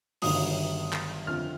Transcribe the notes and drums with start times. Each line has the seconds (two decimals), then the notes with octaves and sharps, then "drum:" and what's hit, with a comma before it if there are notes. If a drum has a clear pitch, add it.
0.22 G1 G2 D#3 F#3 D#6, drum: open hi-hat
0.93 drum: clap
1.27 F2 D3 F3 F6